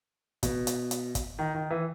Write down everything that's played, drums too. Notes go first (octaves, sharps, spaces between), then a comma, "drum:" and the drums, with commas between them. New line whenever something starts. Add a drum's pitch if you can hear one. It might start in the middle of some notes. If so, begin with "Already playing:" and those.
B2, drum: kick, hi-hat
drum: hi-hat
drum: hi-hat
drum: kick, hi-hat
D#3
D#3
E3